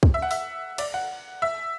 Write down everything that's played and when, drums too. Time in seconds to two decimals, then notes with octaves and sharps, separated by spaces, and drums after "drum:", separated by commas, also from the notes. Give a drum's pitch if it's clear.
0.03 drum: kick
0.14 E5
0.22 F#5
0.31 E5, drum: open hi-hat
0.78 D5, drum: cymbal
0.94 F#5
1.42 E5